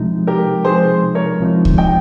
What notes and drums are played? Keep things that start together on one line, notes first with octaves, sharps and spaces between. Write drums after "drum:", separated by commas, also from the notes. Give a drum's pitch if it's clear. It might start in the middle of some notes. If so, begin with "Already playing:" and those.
Already playing: C2 C3 F3 G#3 D#4
G4 A#4
C2 C3 F3 G#3 D#4 G#4 C5
A#4 C#5
C2 C3 F3 G#3 D#4
drum: kick C#2
D#5 G5